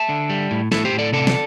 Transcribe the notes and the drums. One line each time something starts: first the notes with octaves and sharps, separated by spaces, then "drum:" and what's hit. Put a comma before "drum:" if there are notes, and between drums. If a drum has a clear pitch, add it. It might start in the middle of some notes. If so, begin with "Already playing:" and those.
Already playing: E5 A5
D3
G3
A2
A2 E4 A4, drum: snare
G4 C5
A2
A4 D5
C3 A4 D5
drum: snare